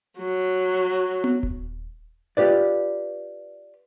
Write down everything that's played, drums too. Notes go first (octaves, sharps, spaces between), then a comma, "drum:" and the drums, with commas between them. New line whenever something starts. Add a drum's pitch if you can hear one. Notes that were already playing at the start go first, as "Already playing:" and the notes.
F#3
drum: tom B3
drum: kick D#1
F4 G4 B4 D5, drum: hi-hat